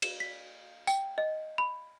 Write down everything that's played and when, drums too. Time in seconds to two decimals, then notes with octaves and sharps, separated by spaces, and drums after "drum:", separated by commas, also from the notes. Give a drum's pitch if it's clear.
0.02 E7, drum: cymbal
0.20 B6
0.87 G5, drum: tambourine
1.18 D#5
1.58 B5